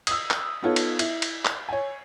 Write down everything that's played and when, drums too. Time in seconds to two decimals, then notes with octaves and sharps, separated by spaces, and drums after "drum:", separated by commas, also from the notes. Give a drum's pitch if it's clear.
0.07 D#6 E6, drum: cymbal
0.31 drum: clap
0.62 B3 D#4 F4 A4 C#5
0.76 drum: cymbal
0.99 E4, drum: cymbal
1.22 drum: cymbal
1.45 drum: clap
1.69 C#5 G#5